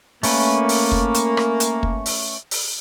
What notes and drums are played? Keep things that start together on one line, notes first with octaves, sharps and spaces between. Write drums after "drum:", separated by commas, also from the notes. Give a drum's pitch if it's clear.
A3 A#3 C#4 B4, drum: open hi-hat
drum: open hi-hat
drum: kick
drum: hi-hat
drum: rim click
drum: hi-hat
drum: kick
drum: open hi-hat
drum: open hi-hat